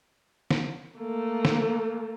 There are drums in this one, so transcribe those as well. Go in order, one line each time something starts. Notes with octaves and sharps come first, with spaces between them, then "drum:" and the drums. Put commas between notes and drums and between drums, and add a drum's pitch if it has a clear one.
drum: snare
A3 A#3
drum: snare